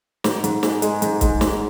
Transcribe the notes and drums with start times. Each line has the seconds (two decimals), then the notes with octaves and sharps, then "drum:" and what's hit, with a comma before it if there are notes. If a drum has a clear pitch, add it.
0.24 G#2, drum: snare
0.44 G#2, drum: hi-hat
0.63 G#3, drum: snare
0.82 G#3, drum: hi-hat
1.02 G#2, drum: hi-hat
1.21 G#3, drum: kick C#1, hi-hat
1.41 G#2, drum: snare